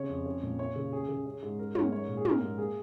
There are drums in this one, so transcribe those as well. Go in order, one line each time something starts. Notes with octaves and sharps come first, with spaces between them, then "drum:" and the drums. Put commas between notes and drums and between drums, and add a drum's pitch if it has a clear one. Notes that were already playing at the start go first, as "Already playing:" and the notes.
Already playing: C#3 C#4 C#5
F2
C#4
A#2
C#4 C#5
C#3
C#4 G#4
C#3
C#4
G#2
C#4 A#4
G#2 C#5, drum: tom
C#4 C#5
A#2 A#4
G#4
C#4 A#4, drum: tom
G#2
A#3 G#4